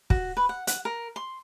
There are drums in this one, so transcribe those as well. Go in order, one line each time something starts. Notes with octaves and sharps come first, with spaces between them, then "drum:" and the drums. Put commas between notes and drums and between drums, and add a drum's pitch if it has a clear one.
F#4, drum: kick
B4
F#5
F#5, drum: hi-hat
A#4
C6